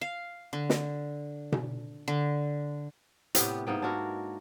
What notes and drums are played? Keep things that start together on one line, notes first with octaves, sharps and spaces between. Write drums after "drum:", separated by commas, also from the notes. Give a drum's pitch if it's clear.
F5
D3
drum: snare
drum: tom B2
D3
A2 C3 B3 G4, drum: hi-hat
G#2 A#3 B3 G5
D4 E4 F#4 A#4